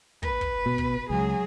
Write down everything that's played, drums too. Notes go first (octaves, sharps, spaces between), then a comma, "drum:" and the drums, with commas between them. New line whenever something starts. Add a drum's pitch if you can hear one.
B4, drum: kick
drum: kick
B2
drum: kick
C#2 F#3 G#4